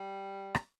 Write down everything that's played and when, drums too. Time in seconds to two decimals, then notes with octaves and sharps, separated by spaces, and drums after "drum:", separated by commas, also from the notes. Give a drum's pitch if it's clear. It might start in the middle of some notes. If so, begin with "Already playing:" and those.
Already playing: G3
0.55 drum: rim click